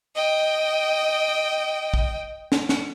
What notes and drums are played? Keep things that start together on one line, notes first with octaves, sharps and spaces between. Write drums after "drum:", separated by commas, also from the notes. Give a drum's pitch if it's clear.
D#5 G5
drum: kick
drum: snare
drum: snare